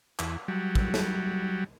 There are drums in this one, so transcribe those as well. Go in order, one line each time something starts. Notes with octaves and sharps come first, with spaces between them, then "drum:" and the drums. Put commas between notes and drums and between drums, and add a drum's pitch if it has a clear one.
E2, drum: clap
F#3 G3
drum: kick
drum: snare